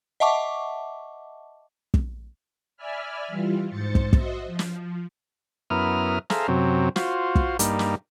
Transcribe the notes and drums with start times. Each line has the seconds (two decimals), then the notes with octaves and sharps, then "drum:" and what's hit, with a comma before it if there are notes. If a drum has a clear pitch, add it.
0.20 D#5 E5 F#5 A5 C#6 D6
1.94 drum: kick
2.77 D5 E5 G#5 B5 F6
3.28 E3 G3 F4
3.70 G#2 C5 A6 C#7
3.95 drum: kick
4.13 F#4 C5 D#5 E5, drum: kick
4.46 F3
4.59 drum: snare
5.70 F#2 B3 E4 A#4 D#6 F6
6.30 G#4 A4 C5 E5 F5 A#5, drum: snare
6.48 F#2 C3 F#3 C4
6.96 F4 F#4 C5, drum: snare
7.35 drum: kick
7.59 G2 G3 A#3 D#4, drum: hi-hat
7.79 drum: snare